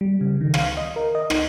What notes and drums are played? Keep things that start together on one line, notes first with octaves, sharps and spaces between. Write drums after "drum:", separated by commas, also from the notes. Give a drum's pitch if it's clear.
G3
C#3
D#3
F5, drum: rim click
D#5
A#4
D#5
D#4, drum: rim click